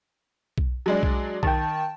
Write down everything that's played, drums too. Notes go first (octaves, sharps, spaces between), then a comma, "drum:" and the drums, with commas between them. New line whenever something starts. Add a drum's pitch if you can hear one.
drum: kick B1
F#3 G#3 D4
drum: kick B1
D#3 G5 A5, drum: kick B1